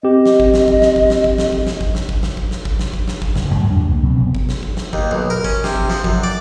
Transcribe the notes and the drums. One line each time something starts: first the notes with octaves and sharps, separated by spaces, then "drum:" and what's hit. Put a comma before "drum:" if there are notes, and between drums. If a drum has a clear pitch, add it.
C4 G4 D#5
drum: snare
drum: kick G#1
drum: snare
drum: kick G#1
drum: snare
drum: kick G#1
drum: snare
drum: kick G#1
drum: snare
drum: kick G#1
drum: snare
drum: kick G#1
drum: snare
drum: kick G#1
drum: snare
drum: kick G#1
drum: snare
drum: kick G#1
drum: snare
drum: kick G#1
drum: snare
drum: kick G#1
F#1, drum: snare
F#2 A2 G3 G#3
E2 G3 D4
C#2 A#3
B2 F#3 C4
F1 B3
drum: kick G#1
drum: snare
drum: kick G#1
drum: snare
D#2, drum: kick G#1
B1
A#4
C#4, drum: kick G#1
C3, drum: snare
drum: kick G#1
F3, drum: snare
F#2, drum: kick G#1
D5